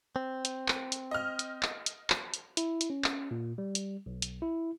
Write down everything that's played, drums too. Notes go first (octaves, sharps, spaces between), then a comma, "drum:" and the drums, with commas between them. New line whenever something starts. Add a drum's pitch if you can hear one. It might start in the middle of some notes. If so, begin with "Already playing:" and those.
C4
drum: hi-hat
drum: clap
drum: hi-hat
D#5 F6
drum: hi-hat
drum: clap
drum: hi-hat
drum: clap
drum: hi-hat
E4, drum: hi-hat
drum: hi-hat
C#4
drum: clap
A#2
G3
drum: hi-hat
B1
drum: hi-hat
E4